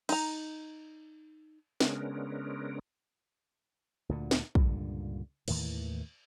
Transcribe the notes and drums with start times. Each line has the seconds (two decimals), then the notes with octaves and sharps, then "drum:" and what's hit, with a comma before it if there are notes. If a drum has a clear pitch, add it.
0.09 D#4 A#5, drum: cymbal
1.81 C#3 G#3 B3 C#4 D4 A#4, drum: snare
4.09 D2 A#2 D3
4.31 drum: snare
4.55 C#2 G2 A#2 D3, drum: kick
5.48 D#2 A2 D#3 E3, drum: cymbal